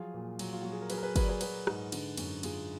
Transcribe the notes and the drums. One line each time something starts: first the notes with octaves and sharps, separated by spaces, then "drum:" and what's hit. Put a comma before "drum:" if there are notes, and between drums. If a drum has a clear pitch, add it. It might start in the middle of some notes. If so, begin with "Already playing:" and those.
Already playing: F3 F#3 F4 G#4
A#2
F#3, drum: cymbal
F4
F#3 F#4
G#4
A#4
F#3 G#4 B4, drum: cymbal
A#4
G#4 B4
F#3 G#4 B4, drum: kick, cymbal
D5
G#4 B4
F#3 G#4 B4, drum: cymbal
G#2, drum: rim click
D3, drum: cymbal
F#2, drum: cymbal
F#2 F4 G#4, drum: cymbal